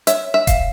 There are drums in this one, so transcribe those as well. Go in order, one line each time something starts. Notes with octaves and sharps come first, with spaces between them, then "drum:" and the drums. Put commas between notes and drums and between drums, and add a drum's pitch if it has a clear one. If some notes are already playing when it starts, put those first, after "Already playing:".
C#5 E5, drum: hi-hat
E5
F5, drum: kick E1, hi-hat